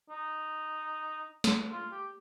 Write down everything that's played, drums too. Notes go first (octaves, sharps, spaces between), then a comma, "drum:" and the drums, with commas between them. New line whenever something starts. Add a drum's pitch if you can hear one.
D#4
drum: snare
F4
G4